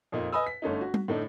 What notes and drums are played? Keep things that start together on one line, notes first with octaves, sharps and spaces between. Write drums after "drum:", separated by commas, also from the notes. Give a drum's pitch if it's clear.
F2 A#2 D#4
B4 D#5 G#5 B5 D#6 E6
B6
G1 A3 C#4 D#4
F#4
drum: tom G3
A2 D3 A3 D4 D#4